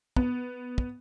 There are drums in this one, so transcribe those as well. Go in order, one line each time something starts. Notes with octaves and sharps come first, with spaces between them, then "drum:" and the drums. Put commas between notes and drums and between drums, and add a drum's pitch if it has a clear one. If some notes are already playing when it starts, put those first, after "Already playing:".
B3, drum: kick
drum: kick